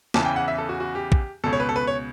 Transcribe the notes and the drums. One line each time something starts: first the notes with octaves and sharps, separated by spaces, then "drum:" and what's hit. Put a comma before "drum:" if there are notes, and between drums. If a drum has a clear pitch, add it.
E2 C#3 E3 A5, drum: snare
G5
F#5
E5
A4
F#4
F#4
G4
drum: kick A#1
C#2 B2 A4
C#5
B4
A4
B4
C#5